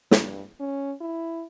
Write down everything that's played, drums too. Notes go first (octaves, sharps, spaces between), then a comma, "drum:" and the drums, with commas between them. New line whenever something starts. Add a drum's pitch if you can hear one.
G2, drum: snare
C#4
E4